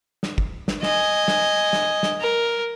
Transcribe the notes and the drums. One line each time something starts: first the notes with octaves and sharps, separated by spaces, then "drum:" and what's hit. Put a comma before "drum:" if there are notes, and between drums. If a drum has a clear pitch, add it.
drum: snare
drum: kick
drum: snare
D#5 G#5, drum: snare
drum: snare
drum: snare
drum: snare
A#4